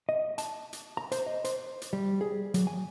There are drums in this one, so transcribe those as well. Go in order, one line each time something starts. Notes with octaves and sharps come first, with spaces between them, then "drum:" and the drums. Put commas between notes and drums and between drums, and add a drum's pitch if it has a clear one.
D#5
A5, drum: hi-hat
drum: hi-hat
A#5
C5, drum: hi-hat
D#5
C5, drum: hi-hat
drum: hi-hat
G3
G#4
F#3, drum: hi-hat
G#5